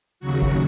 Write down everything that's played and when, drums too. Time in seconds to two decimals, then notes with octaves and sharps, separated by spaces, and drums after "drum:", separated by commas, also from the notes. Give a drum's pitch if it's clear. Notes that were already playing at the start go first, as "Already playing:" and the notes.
0.20 D#2 C#3 F#3 F#4
0.42 drum: kick G1